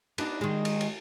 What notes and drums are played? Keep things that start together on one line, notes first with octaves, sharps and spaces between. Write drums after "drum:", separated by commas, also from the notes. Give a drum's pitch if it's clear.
B3 D4 D#4, drum: cymbal
D#3 G#3
drum: cymbal
drum: cymbal